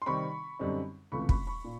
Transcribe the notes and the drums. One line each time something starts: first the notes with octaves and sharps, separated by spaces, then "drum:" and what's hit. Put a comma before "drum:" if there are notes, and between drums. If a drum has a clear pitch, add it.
C6
C3 D#3 G3 C4 B5 C#6
F#2 D3 G3 C4 D#4
C#2 C3 E3 A3 B5 C#6
B5 C#6, drum: kick
B5 C#6
A#2